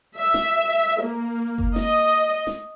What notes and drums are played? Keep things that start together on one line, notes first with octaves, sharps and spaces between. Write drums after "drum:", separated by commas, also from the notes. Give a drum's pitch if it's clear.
E5
drum: snare
A#3
drum: kick F#1
D#5, drum: snare
drum: snare